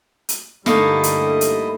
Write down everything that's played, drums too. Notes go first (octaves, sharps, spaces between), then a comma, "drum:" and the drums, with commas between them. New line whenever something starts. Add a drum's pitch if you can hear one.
drum: hi-hat
G2 D3 G3 A3 A#3 D#4 E4 D#5, drum: snare
drum: hi-hat
drum: hi-hat